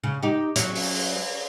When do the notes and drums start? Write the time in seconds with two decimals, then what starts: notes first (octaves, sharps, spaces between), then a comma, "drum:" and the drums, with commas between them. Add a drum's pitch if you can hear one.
0.03 C#3
0.22 D#4 G4
0.56 F#3 C#4, drum: hi-hat
0.75 drum: open hi-hat
0.95 drum: open hi-hat